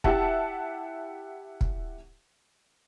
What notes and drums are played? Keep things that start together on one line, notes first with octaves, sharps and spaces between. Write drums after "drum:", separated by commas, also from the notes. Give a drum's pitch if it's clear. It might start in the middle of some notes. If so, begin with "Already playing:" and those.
E4 G4 E5 F#5 A5, drum: kick
drum: kick